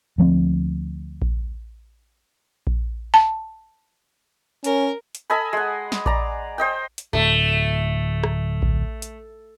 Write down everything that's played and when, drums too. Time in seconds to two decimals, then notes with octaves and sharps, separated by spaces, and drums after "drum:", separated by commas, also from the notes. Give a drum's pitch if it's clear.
0.18 D2 F3 A3 C4
1.22 drum: kick A#1
2.67 drum: kick A#1
3.14 A5
4.64 C#4 A#4, drum: hi-hat
5.15 drum: hi-hat
5.30 A4 D#5 G#5 B5
5.53 G#3 F#5
5.92 drum: snare
6.06 D5 A#5, drum: kick A#1
6.58 C5 D#5 G5
6.98 drum: hi-hat
7.13 D1 A3
8.24 drum: rim click
8.62 drum: kick A#1
9.02 drum: hi-hat